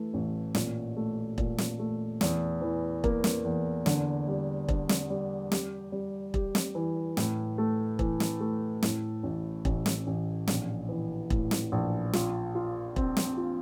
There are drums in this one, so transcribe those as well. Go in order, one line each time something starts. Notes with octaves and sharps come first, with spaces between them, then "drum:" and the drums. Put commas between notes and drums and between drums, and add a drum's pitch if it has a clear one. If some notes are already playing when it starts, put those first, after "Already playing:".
Already playing: E3 A3
A1
A#2, drum: snare
A3
A#2, drum: kick E1
drum: snare
A3
E2, drum: snare
E3
A#3, drum: kick E1
drum: snare
E2
D3, drum: snare
G3
D4, drum: kick E1
drum: snare
G3
G4, drum: snare
G3
G4, drum: kick E1
drum: snare
E3
A2, drum: snare
A3
E3, drum: kick E1
drum: snare
A3
A2, drum: snare
A1
A1, drum: kick E1
drum: snare
A1
A#1, drum: snare
E3
A2, drum: kick E1
drum: snare
A#1
F4, drum: snare
F4
C4, drum: kick E1
drum: snare
F4